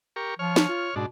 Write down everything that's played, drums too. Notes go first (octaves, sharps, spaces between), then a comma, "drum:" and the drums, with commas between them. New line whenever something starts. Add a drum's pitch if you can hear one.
G4 A#4 C#6
F3 C#5 F6
drum: snare
F4
G#2 B2 D4